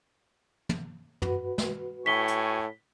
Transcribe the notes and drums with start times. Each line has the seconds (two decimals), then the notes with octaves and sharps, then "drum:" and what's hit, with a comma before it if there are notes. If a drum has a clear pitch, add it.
0.69 drum: tom
1.22 F#4 B4, drum: tom
1.58 drum: snare
2.06 A2 G5 G#5 C#6 B6 G7
2.28 drum: hi-hat